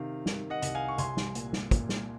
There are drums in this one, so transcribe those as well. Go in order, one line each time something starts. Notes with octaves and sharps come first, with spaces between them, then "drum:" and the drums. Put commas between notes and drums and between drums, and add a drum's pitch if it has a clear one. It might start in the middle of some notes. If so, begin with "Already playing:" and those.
Already playing: C3 D#3 F5
D#3, drum: snare
D#5 F#5
C2, drum: hi-hat
F5 G#5
C#6
C2 G#5 C6, drum: hi-hat
drum: snare
A#2, drum: hi-hat
drum: snare
A#2, drum: kick, hi-hat
drum: snare